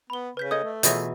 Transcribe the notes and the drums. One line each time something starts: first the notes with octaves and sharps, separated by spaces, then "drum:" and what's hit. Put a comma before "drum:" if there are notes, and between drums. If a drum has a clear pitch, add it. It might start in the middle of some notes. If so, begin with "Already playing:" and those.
B3 B5 G7
C#3 B4 G6 B6
A4 D#5 D#6 G6 G#6
A3
B2 E3 F4 G#4 C#5 A#5 G6, drum: hi-hat